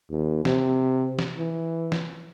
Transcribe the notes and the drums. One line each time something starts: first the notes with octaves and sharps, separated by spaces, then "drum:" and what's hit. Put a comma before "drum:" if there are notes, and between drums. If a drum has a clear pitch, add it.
D#2
C3, drum: snare
drum: snare
E3
drum: snare